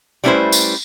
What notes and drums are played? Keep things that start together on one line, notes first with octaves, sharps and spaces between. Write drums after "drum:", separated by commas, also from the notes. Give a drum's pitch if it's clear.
G3 A3 C#4 E4 B4 C5
drum: tambourine